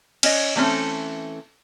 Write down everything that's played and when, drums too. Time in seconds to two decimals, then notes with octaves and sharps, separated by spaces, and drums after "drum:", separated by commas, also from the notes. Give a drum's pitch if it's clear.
0.23 C#4 C#5 D#5, drum: cymbal
0.55 E3 A3 C4 C#4 A4